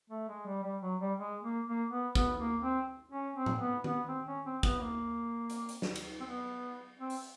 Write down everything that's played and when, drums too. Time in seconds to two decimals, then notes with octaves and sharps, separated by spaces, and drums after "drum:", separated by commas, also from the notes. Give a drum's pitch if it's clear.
0.10 A3
0.28 G#3
0.46 G3
0.64 G3
0.82 F#3
1.00 G3
1.19 G#3
1.43 A#3
1.67 A#3
1.91 B3
2.15 B3, drum: kick
2.39 A#3
2.63 C4
3.12 C#4
3.36 C4
3.46 drum: tom A2
3.59 B3
3.84 B3, drum: tom D#3
4.08 C4
4.27 C#4
4.45 C4
4.63 B3, drum: kick
4.80 A#3
5.50 drum: hi-hat
5.69 drum: hi-hat
5.82 drum: snare
5.95 drum: cymbal
6.20 C4
6.26 B3
6.99 C4
7.10 drum: open hi-hat